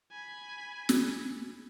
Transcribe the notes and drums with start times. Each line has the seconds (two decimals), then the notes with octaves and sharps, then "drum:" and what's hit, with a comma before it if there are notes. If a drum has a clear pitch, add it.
0.12 G#5 B5
0.89 drum: snare